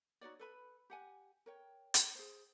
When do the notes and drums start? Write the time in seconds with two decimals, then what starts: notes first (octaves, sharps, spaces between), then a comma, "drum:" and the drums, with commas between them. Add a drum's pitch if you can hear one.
0.21 D#4 F#4 C#5 D5
0.39 A4 B4 B5
0.90 G4 F#5 G#5
1.46 A#4 C#5 G5
1.94 drum: hi-hat
2.15 G#4 C5